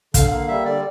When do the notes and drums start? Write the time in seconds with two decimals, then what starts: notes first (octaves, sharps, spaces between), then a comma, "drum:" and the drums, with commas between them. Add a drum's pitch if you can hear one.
0.14 D3 F5, drum: kick, hi-hat
0.31 A#3 F5
0.48 G3 E5
0.65 D3 D5